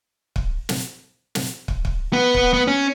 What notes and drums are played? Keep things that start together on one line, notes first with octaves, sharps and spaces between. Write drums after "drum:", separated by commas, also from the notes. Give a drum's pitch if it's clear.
drum: kick
drum: snare
drum: snare
drum: kick
drum: kick
B3
drum: kick
B3
C#4